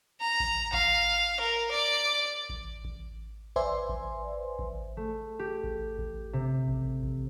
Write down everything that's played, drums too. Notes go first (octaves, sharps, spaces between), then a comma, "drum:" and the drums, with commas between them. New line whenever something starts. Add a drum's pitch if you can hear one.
A#5
drum: kick A1
F5, drum: kick A1
A#4
D5
drum: kick A1
drum: kick A1
B4 C5 D5 E5 G#5 C6, drum: kick A1
drum: kick A1
drum: kick A1
A3
G4
drum: kick A1
drum: kick A1
C3
drum: kick A1
drum: kick A1